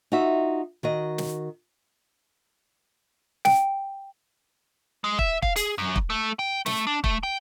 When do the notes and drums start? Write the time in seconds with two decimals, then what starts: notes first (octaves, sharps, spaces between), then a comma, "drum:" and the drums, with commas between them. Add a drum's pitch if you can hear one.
0.12 D#4 F4 F#4 E5
0.83 D#3 F#4 D#5
1.18 drum: snare
3.45 G5, drum: snare
5.04 G#3
5.19 E5, drum: kick
5.42 F5, drum: kick
5.56 G#4, drum: hi-hat
5.78 F#2
5.96 drum: kick
6.10 A3
6.39 G5
6.66 A3, drum: snare
6.87 D4
7.04 A3, drum: kick
7.23 G5